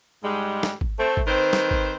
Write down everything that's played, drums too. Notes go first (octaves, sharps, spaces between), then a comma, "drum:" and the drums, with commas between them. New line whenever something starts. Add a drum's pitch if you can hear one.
G#2 G3 G#3
drum: snare
drum: kick G#1
A3 C4
drum: kick G#1
D#3 C4 B4 C5
drum: snare
drum: kick G#1